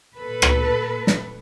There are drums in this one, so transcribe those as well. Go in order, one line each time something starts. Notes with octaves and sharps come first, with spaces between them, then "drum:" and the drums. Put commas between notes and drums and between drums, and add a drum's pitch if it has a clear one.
A#2 A4 B4
drum: rim click
drum: snare